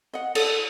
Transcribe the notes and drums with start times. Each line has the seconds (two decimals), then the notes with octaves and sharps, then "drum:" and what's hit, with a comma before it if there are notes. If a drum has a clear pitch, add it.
0.14 D#5 F#5
0.35 A4, drum: cymbal